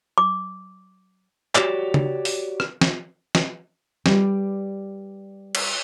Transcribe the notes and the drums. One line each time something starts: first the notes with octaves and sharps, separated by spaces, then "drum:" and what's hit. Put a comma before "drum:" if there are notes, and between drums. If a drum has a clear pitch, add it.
D6
F#4 G4 C#5 D5, drum: clap
drum: tom C#3
drum: open hi-hat
drum: rim click
drum: snare
drum: snare
G3 B4 D5, drum: snare
drum: cymbal